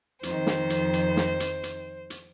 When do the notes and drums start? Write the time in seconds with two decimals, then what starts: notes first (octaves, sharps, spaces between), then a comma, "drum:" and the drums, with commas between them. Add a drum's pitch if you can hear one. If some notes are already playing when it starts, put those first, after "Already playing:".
0.23 F2 D#3 C5, drum: hi-hat
0.47 drum: snare
0.70 drum: hi-hat
0.93 drum: hi-hat
1.17 drum: snare
1.40 drum: hi-hat
1.63 drum: hi-hat
2.10 drum: hi-hat